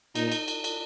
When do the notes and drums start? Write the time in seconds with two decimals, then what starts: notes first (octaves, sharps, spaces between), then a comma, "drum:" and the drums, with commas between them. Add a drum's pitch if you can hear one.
0.15 A#2 D#4, drum: cymbal
0.32 drum: cymbal
0.48 drum: cymbal
0.64 drum: cymbal